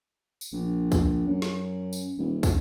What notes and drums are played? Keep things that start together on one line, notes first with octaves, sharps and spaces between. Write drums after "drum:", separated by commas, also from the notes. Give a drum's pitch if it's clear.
drum: tambourine
A#1
drum: kick, tambourine
F#2
drum: snare
drum: tambourine
D#1
drum: kick, tambourine